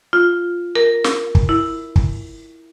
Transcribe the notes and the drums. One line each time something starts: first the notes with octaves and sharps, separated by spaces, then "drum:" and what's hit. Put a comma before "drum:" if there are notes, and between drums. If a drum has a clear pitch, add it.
F4
A#4
drum: snare
drum: kick
E4
drum: kick